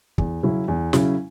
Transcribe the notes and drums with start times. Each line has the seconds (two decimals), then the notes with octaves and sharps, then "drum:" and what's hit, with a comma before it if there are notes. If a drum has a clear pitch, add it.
0.18 E2, drum: kick
0.43 C#3 F#3 C#4 E4
0.68 E2
0.93 C#3 F#3 C#4 E4, drum: snare